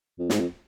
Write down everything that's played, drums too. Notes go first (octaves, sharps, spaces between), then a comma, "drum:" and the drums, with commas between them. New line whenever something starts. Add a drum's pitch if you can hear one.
F2
G#2, drum: snare
F2